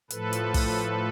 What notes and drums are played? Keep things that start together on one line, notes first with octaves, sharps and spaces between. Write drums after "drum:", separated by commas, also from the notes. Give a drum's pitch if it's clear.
A2 F3 A4 B4, drum: hi-hat
drum: hi-hat
drum: kick, open hi-hat